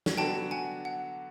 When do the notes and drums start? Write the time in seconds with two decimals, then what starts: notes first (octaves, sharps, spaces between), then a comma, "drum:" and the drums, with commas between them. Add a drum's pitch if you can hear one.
0.06 drum: snare
0.18 D3 F#3 B3 D4 F#4 G5 A5
0.51 F#5 G#5
0.85 F#5